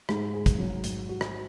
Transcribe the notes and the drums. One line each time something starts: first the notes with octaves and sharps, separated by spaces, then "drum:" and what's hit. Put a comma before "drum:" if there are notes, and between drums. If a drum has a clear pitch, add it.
G#2, drum: rim click
G#4
drum: kick A1, hi-hat
F#3
G#2, drum: hi-hat
F#4
drum: rim click